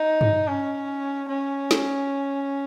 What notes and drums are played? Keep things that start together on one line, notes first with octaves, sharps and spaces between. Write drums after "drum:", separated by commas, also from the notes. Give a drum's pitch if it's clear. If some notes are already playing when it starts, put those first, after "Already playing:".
Already playing: D#4
drum: tom G2
C#4
C#4
drum: snare